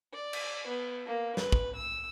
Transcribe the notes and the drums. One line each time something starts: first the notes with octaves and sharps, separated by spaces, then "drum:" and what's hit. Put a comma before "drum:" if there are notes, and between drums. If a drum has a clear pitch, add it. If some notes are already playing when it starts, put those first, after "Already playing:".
D5
drum: cymbal
B3
A#3
B4, drum: snare
drum: kick
E6